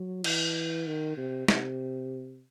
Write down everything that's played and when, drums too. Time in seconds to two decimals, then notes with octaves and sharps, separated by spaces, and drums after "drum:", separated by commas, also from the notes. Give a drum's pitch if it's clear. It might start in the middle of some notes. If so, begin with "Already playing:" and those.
Already playing: F#3
0.24 E3, drum: cymbal
0.87 D#3
1.17 C3
1.48 C3, drum: snare